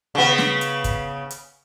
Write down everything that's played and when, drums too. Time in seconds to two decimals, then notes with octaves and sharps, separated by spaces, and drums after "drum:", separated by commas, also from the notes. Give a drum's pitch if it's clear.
0.15 C#3 B3
0.38 drum: snare
0.61 drum: hi-hat
0.84 drum: kick, hi-hat
1.30 drum: hi-hat